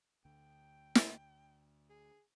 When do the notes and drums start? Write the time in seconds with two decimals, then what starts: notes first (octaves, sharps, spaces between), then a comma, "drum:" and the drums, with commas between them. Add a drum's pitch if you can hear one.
0.25 D2 D3 G5
0.95 drum: snare
1.90 G#4